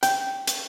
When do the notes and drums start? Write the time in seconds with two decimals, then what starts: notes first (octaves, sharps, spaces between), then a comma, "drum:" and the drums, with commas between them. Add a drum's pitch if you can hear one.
0.03 G5, drum: hi-hat
0.47 drum: hi-hat